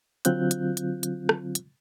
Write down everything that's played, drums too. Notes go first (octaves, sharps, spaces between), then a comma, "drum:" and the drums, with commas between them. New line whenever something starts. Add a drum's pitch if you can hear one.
D3 F#3 C4 F4 F#6 G6, drum: hi-hat
drum: hi-hat
drum: hi-hat
drum: hi-hat
drum: rim click
drum: hi-hat